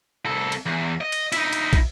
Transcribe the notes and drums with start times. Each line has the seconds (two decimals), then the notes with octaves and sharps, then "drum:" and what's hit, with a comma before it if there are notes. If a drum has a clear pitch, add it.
0.26 C2 A4
0.52 drum: cymbal
0.66 E2
1.01 D#5
1.12 drum: cymbal
1.32 D#4 E4, drum: cymbal
1.53 drum: cymbal
1.73 drum: kick, cymbal